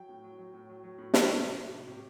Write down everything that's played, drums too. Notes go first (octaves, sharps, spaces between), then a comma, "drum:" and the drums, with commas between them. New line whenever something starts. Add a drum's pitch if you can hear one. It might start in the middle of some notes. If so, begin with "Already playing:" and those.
Already playing: F#3 G5
A2
F#3
F#3
A2
F#3
F#3
A2
C3, drum: snare
C3
F#3
C3
F#3
C3